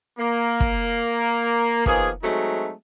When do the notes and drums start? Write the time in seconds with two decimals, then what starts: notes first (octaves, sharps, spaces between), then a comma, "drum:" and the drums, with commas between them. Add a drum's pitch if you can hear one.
0.19 A#3
0.60 drum: kick
1.86 D#3 F3 A#3 B3 G#4, drum: kick
2.23 F#3 G#3 A3 C4 D#4